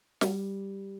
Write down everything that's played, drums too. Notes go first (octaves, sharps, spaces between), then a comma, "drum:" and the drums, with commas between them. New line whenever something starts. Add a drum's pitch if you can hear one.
G3, drum: snare